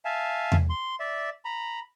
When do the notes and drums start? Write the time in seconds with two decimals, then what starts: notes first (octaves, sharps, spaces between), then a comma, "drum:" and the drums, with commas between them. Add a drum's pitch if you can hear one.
0.05 E5 F5 G#5 A5
0.52 drum: tom E2
0.70 C6
1.00 D5 E5
1.45 A#5 B5